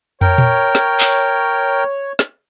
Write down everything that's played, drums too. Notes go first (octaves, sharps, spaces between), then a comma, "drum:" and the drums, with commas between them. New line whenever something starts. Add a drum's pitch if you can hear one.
A#4 C#5 G5, drum: tom
drum: tom A#2
drum: snare
drum: clap
drum: snare